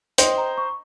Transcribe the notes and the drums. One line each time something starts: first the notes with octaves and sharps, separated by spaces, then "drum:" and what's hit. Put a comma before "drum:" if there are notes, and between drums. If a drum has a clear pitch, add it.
C5 D#5 G5, drum: hi-hat
A#5
C#6